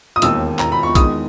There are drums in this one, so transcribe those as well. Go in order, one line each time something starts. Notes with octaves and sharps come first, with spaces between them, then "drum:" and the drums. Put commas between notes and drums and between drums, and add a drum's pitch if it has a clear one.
D#6
E1 D#2 D#3 E6, drum: hi-hat
A#5, drum: clap
B5
C#6
E2 D#3 G#3 D#6, drum: kick A#1, hi-hat